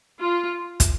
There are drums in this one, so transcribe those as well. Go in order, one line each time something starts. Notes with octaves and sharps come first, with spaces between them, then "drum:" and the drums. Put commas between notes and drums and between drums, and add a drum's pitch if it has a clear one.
F4
drum: kick, hi-hat